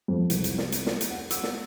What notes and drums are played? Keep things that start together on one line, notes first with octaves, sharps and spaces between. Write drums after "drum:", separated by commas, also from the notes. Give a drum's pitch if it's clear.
F2
C2, drum: hi-hat
drum: hi-hat
drum: snare
drum: hi-hat
drum: snare
drum: hi-hat
F#5
E6, drum: hi-hat
drum: snare